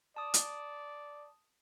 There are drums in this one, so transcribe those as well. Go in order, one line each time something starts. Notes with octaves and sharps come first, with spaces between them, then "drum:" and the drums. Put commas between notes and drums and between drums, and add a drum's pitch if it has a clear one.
D5 A5 D#6
drum: hi-hat